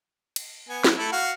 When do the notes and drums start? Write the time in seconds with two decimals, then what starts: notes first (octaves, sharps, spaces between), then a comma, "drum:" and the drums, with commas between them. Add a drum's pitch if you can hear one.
0.36 drum: cymbal
0.69 B3 G#5
0.84 F#3, drum: snare
0.98 A3 E4 A4
1.12 F#4 F5 F#5